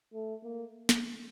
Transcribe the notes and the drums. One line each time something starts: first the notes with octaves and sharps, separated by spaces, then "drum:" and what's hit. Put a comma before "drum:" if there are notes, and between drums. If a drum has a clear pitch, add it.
A3
A#3
drum: snare